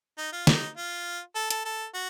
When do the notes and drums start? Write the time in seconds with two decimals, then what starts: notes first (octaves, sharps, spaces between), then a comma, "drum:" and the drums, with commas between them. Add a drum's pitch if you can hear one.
0.18 D#4
0.33 F4
0.47 D#4, drum: snare
0.77 F4
1.35 A4
1.50 A4, drum: hi-hat
1.65 A4
1.94 F#4